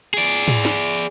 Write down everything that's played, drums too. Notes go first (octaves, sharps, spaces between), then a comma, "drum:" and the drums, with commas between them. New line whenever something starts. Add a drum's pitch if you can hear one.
G#4 D5
drum: tom
drum: snare